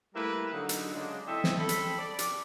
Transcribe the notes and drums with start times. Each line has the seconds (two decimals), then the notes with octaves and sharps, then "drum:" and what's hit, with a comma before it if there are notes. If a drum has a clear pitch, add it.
0.15 G3 A3 A#3 E4 A#4 B4
0.53 D3 F#3 D#4
0.69 drum: hi-hat
0.94 C#3 F#3 G#3 D4
1.28 C4 E4 A4 D#5 E5
1.44 drum: snare
1.59 C4 A4 B5
1.69 drum: hi-hat
1.99 D5
2.19 drum: hi-hat